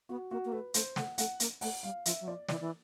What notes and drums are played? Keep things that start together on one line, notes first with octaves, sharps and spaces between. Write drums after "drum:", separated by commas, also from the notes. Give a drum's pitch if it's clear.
B3 F#4
A#3 F#4
A#3
A3 B4
A3 C5, drum: hi-hat
A3 F#5, drum: snare
A3 F#5, drum: hi-hat
A#3, drum: hi-hat
A3 F#5, drum: open hi-hat
G3 F5
F3 E5, drum: hi-hat
F#3
F3 D5
E3 D5, drum: snare
E3